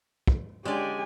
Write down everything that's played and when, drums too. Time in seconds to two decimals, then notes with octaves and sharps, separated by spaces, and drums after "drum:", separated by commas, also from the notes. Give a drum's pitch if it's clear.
0.28 drum: kick
0.65 D3 G#3 C#4 G4 C#5 D5 G#5